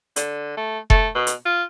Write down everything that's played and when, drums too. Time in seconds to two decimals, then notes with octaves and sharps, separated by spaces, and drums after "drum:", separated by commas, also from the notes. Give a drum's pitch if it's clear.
0.16 D3, drum: hi-hat
0.57 A3
0.90 A3, drum: kick F1
1.15 B2
1.27 drum: hi-hat
1.45 F4